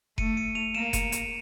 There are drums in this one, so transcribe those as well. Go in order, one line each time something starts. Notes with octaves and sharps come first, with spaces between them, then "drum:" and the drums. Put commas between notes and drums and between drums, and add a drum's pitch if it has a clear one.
A3 C#7 D#7, drum: kick F1
C#7 D#7
D#7 F7
A#3 D7 E7
C#7 D#7, drum: kick F1, hi-hat
drum: hi-hat